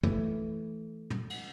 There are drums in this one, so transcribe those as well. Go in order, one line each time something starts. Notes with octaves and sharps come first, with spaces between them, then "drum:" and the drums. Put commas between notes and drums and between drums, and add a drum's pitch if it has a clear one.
E3 A3, drum: kick
drum: tom
drum: cymbal